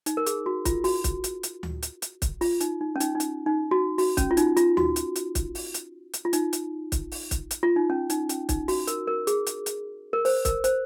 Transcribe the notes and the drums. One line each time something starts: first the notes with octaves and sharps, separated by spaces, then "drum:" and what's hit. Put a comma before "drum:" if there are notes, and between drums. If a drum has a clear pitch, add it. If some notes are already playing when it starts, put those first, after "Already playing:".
D#4, drum: hi-hat
A#4
G#4, drum: hi-hat
F#4
F4, drum: kick, hi-hat
F#4, drum: open hi-hat
drum: kick, hi-hat
drum: hi-hat
drum: hi-hat
drum: tom D2
drum: hi-hat
drum: hi-hat
drum: kick, hi-hat
F4, drum: open hi-hat
D#4, drum: hi-hat
D#4
C#4
D#4, drum: hi-hat
D#4
C#4, drum: hi-hat
D#4
F#4
F#4, drum: open hi-hat
C#4, drum: kick, hi-hat
F4
D#4, drum: hi-hat
F4, drum: hi-hat
F#4, drum: tom D2
drum: hi-hat
drum: hi-hat
drum: kick, hi-hat
drum: open hi-hat
drum: hi-hat
drum: hi-hat
F4
D#4, drum: hi-hat
drum: hi-hat
drum: kick, hi-hat
drum: open hi-hat
drum: kick, hi-hat
drum: hi-hat
F4
D#4
C#4
D#4, drum: hi-hat
C#4, drum: hi-hat
D#4, drum: kick, hi-hat
F#4, drum: open hi-hat
A#4, drum: hi-hat
A#4
G#4, drum: hi-hat
drum: hi-hat
drum: hi-hat
A#4
C5, drum: open hi-hat
A#4, drum: kick, hi-hat
C5, drum: hi-hat